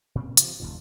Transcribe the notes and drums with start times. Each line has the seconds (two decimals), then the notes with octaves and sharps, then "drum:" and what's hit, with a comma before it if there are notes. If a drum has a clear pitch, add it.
0.15 A#2 C#3 C4
0.37 C3 F3, drum: hi-hat
0.60 F#1 D#2 A#2